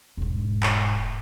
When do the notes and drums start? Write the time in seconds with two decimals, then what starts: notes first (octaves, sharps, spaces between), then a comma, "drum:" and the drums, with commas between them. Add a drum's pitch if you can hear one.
0.17 E1 G#2
0.63 drum: clap